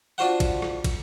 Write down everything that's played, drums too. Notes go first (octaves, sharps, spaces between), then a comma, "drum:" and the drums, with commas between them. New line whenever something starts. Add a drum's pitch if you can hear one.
D4 F4 F#4 C5 F#5
drum: kick, cymbal
drum: rim click
drum: kick, cymbal